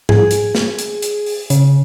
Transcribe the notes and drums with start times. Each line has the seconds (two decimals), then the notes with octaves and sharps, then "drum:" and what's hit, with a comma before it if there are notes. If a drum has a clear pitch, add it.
0.09 G#4, drum: tom G#2
0.31 drum: hi-hat
0.55 drum: snare
0.79 drum: hi-hat
1.02 drum: hi-hat
1.26 drum: open hi-hat
1.50 C#3, drum: hi-hat